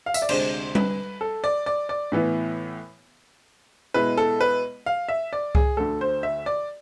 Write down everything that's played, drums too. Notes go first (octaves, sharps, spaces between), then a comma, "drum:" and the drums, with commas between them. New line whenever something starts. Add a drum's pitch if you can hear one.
F5
E5, drum: tambourine
D5
D2 C3 G#3 D4 C5, drum: cymbal
B4, drum: tom G3
A4
D5
D5
D5
A2 E3 B3 E4
B2 G#3 B3 E4 B4
A4
B4
F5
E5
D5
G#4, drum: kick C2
D2 D3 A3 A4
C5
E5
D5